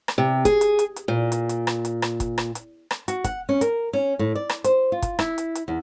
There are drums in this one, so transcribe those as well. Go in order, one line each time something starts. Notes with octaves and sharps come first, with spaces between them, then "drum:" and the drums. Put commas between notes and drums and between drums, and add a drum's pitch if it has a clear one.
drum: rim click
C3
G#4, drum: kick, hi-hat
drum: hi-hat
drum: hi-hat
drum: hi-hat
A#2
drum: hi-hat
drum: hi-hat
drum: rim click
drum: hi-hat
drum: rim click
drum: kick, hi-hat
drum: rim click
drum: hi-hat
drum: rim click
F#4, drum: hi-hat
F#5, drum: kick, hi-hat
C#4
A#4, drum: hi-hat
C#4
A2
D5
drum: rim click
C5, drum: hi-hat
F4
drum: kick, hi-hat
E4, drum: rim click
drum: hi-hat
drum: hi-hat
E2